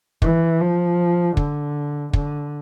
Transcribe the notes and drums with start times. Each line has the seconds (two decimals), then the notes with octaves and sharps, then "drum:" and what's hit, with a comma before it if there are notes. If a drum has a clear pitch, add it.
0.22 E3, drum: kick
0.60 F3
1.37 D3, drum: kick
2.13 D3, drum: kick